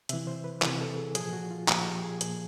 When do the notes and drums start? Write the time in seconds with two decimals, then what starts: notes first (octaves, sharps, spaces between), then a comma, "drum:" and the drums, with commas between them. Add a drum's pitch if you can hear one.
0.09 C3 E3 E5, drum: hi-hat
0.27 C5
0.44 B4
0.62 C3 E3 A#4, drum: clap
0.81 A4
0.97 G#4
1.15 A#2 F3 G#4, drum: hi-hat
1.33 F#4
1.51 F4
1.68 A#2 F3 F4, drum: clap
1.86 G4
2.03 G#4
2.21 A#2 F3 G#4, drum: hi-hat